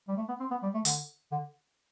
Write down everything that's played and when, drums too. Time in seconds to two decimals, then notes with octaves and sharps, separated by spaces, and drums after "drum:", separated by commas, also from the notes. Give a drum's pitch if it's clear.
0.08 G3
0.17 A3
0.28 B3
0.40 C4
0.51 B3
0.63 G3
0.74 A3
0.85 D3, drum: open hi-hat
1.32 D3